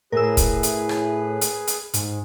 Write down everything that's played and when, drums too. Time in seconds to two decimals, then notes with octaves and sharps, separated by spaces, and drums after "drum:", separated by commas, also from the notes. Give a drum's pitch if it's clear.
0.12 A2 G#4 A#4 B4 E6
0.37 drum: kick, hi-hat
0.63 drum: hi-hat
0.89 drum: rim click
1.41 drum: hi-hat
1.67 drum: hi-hat
1.94 G#2, drum: hi-hat